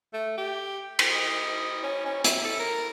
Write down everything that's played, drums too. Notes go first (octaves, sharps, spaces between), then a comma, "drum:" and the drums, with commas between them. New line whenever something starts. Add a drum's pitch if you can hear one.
A3
G4
drum: cymbal
D#5
C#4
C#4
E4, drum: hi-hat
A4
A#4